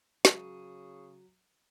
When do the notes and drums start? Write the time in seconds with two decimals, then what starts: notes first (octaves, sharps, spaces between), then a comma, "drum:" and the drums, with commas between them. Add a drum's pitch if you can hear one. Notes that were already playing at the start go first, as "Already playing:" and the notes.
0.25 C#3 F#3 D#7, drum: snare